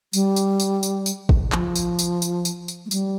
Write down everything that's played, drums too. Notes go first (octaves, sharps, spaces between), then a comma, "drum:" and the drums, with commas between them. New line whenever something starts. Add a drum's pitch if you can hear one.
G3, drum: tambourine
drum: tambourine
drum: tambourine
drum: tambourine
drum: tambourine
drum: kick G#1
F3, drum: clap
drum: tambourine
drum: tambourine
drum: tambourine
drum: tambourine
drum: tambourine
A3
G3, drum: tambourine